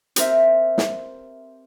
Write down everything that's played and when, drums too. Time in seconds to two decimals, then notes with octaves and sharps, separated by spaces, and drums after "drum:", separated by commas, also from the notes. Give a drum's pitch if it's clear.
0.16 C4 G4 A#4 C5 E5, drum: hi-hat
0.78 drum: snare